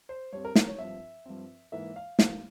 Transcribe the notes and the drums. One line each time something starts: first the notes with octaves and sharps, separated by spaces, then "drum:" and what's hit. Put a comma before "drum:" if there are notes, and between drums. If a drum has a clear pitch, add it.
C5
G2 G3 C4 C#5
A#4
A#4, drum: snare
C#5
G2 F3 C4 E5
G2 F3 C4
G#2 E3 A#3 E5
F5
G#2 E3 A#3 F5, drum: snare